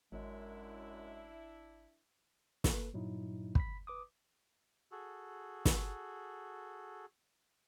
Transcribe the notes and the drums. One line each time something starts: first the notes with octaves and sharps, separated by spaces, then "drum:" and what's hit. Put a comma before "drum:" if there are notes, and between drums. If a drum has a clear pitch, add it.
G#1 F#2 G#3 D4 E4
A#3 A4 B4, drum: snare
G2 A#2 F#3 D#4 E4
B5 B6, drum: kick
B4 D6 D#6
F#4 G#4 A4
drum: snare